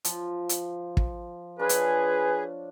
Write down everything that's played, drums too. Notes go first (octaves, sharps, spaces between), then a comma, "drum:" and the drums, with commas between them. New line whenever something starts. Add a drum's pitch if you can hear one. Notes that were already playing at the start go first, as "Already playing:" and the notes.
F3, drum: hi-hat
drum: hi-hat
drum: kick
D4 F4 G#4 B4 C#5
drum: hi-hat